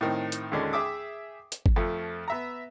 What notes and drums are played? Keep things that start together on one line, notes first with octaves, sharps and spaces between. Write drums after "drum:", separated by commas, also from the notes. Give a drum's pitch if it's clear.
A2 D#3 C4
drum: hi-hat
D#2 A#2 D3 G#3 C#4 D4
G#4 E5 G5 D6 D#6
drum: hi-hat
drum: kick
F2 F3 A3
B3 E5 A#5